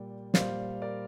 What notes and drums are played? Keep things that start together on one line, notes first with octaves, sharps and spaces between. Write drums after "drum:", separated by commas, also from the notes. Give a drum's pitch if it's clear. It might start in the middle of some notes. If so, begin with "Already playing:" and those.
Already playing: A#2 G3 G5
A#2 G3 C5 F5, drum: snare
A#4 D5